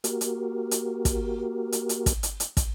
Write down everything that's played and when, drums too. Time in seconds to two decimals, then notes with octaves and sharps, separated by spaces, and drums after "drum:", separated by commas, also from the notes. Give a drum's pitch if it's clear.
0.04 A#3 F#4 G4 A#4, drum: hi-hat
0.21 drum: hi-hat
0.71 drum: hi-hat
1.05 drum: kick, hi-hat
1.72 drum: hi-hat
1.89 drum: hi-hat
2.06 drum: kick, hi-hat
2.23 drum: hi-hat
2.40 drum: hi-hat
2.57 drum: kick, hi-hat